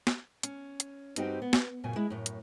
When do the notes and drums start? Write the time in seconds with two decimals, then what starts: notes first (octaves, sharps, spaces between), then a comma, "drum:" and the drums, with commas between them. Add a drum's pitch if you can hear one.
0.07 drum: snare
0.43 C#4, drum: hi-hat
0.80 drum: hi-hat
1.16 G2 G3 C4 D#4 F#4 G4, drum: hi-hat
1.42 B3
1.53 drum: snare
1.84 F#2 A#2 C#3 G#5
1.96 G#3 E4
2.10 F#2 A2
2.26 drum: hi-hat